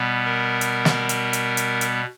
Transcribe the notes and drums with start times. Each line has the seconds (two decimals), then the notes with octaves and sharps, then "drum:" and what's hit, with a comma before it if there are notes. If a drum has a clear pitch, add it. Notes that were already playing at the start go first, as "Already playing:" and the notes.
Already playing: B2 G3 B3
0.25 A#4
0.61 drum: hi-hat
0.85 drum: snare
1.09 drum: hi-hat
1.33 drum: hi-hat
1.57 drum: hi-hat
1.81 drum: hi-hat